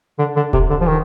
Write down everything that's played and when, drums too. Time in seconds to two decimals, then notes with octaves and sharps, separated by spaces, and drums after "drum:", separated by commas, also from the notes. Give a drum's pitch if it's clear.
0.19 D3
0.36 D3
0.53 C3, drum: kick D#1
0.70 D3
0.81 F3
0.87 D#3